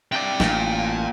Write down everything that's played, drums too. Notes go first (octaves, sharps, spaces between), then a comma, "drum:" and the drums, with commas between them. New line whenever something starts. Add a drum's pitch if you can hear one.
C3 D5 G5 A5
A1 A#2, drum: snare